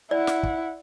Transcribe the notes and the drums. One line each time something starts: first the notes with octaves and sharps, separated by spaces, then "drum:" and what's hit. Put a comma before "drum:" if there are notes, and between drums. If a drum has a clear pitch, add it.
E4 D5 F#5
drum: snare
drum: kick